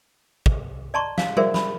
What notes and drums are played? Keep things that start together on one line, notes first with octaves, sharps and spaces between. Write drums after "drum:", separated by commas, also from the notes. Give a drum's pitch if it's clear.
drum: kick
D5 D#5 A5 A#5 C6 C#6
F5, drum: snare
F#4 G#4 A#4 C5 D5 E5, drum: tom G3
B5, drum: snare